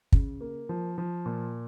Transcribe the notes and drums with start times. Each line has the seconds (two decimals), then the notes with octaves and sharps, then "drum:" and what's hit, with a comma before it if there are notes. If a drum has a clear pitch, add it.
0.12 C#3, drum: kick
0.41 A#3
0.69 F3
0.98 F3
1.26 A#2